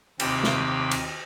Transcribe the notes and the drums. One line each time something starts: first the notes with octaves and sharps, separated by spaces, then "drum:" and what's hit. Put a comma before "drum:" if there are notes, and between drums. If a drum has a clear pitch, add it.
D#2 C3 G4 B5, drum: cymbal
drum: snare
drum: cymbal